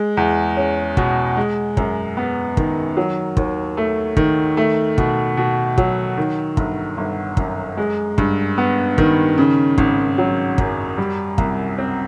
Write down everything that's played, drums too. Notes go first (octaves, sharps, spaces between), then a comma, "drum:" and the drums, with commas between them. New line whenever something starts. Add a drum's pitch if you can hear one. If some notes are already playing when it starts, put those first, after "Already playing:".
Already playing: G#3
E2
C#4
B2, drum: kick
G#3
F#2, drum: kick
B3
D#3, drum: kick
F#3
D#2, drum: kick
A3
D#3, drum: kick
A3
B2, drum: kick
B2
F#3, drum: kick
D#3
G1, drum: kick
G1
F#2, drum: kick
G#3
G2, drum: kick
B3
D#3, drum: kick
C#3
G#1, drum: kick
F#3
F#2, drum: kick
G3
C2, drum: kick
C4